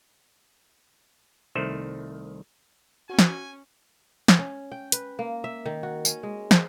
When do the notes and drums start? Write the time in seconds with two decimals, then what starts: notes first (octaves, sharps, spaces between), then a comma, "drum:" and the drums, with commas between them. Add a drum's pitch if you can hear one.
1.55 C2 D#3 A3 C5
3.10 C#4 F#4 G#5
3.19 drum: snare
4.28 drum: snare
4.39 C#4
4.72 G5
4.92 B4, drum: hi-hat
5.19 A#3
5.44 E5
5.66 D#3
5.83 F#4
6.05 C#4, drum: tambourine
6.23 G#3
6.51 C5, drum: snare